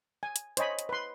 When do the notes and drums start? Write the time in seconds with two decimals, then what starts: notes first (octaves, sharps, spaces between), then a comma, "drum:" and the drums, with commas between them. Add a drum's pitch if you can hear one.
0.23 G#5
0.36 drum: hi-hat
0.57 C5 C#5 D#5 G#5 B5, drum: hi-hat
0.79 drum: hi-hat
0.89 B4 C6